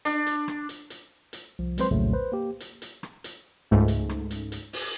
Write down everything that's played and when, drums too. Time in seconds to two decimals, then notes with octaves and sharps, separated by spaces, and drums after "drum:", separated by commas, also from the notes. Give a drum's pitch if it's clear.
0.05 D4, drum: hi-hat
0.26 drum: hi-hat
0.48 drum: rim click
0.69 drum: hi-hat
0.90 drum: hi-hat
1.33 drum: hi-hat
1.59 C2 F3
1.78 F#3 G#3 C4 B4 C5 C6, drum: hi-hat
1.91 A#1 D#2 A2 C#3 F#3 A3
2.13 B4 C5
2.32 A#3 G4
2.60 drum: hi-hat
2.82 drum: hi-hat
3.03 drum: rim click
3.24 drum: hi-hat
3.71 C#2 G#2 A3
3.88 drum: hi-hat
4.09 drum: rim click
4.31 drum: hi-hat
4.52 drum: hi-hat
4.73 drum: open hi-hat